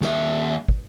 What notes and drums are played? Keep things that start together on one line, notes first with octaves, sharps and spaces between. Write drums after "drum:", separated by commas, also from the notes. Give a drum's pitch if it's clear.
D#2 E5, drum: snare
drum: kick